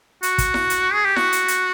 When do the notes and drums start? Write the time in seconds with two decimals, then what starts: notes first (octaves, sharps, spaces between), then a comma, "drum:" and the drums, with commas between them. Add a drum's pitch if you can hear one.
0.23 F#4, drum: hi-hat
0.38 drum: kick, hi-hat
0.54 drum: snare E4
0.70 drum: hi-hat
0.93 G#4
1.05 G4
1.16 F#4, drum: snare E4
1.32 drum: hi-hat
1.48 drum: hi-hat